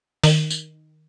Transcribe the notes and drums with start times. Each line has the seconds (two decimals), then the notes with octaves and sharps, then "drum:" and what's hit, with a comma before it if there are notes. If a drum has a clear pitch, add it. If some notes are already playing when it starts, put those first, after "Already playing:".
0.24 D#3, drum: open hi-hat
0.50 drum: tambourine